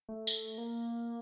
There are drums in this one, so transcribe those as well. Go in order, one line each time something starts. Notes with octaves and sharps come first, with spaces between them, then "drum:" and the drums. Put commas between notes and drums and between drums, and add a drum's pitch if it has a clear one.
A3
drum: tambourine
A#3